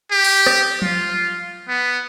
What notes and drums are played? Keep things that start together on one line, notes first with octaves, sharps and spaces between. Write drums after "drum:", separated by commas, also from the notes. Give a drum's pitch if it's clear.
G4
drum: cymbal
drum: rim click
F4, drum: tom F3
B3